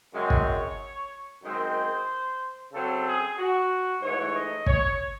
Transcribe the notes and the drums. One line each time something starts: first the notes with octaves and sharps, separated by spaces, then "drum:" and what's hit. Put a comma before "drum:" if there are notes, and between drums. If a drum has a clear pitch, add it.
F#2 C#3 G#3 C4 C#5
drum: kick
F#2 D#3 G#3 C4 C5
C#3 F#3 C4 A4
G#4
F#4
G#2 E3 A3 C#5
D#5
C#5, drum: kick